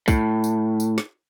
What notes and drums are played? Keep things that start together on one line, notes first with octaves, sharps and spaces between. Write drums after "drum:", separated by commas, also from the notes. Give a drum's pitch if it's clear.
A2, drum: kick B1, tambourine
drum: tambourine
drum: tambourine
drum: snare